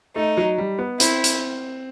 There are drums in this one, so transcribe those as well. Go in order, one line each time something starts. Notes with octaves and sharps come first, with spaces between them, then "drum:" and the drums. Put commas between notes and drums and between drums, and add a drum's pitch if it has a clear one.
A3 D#4
F#3
G3
B3
C4 E4, drum: hi-hat
drum: hi-hat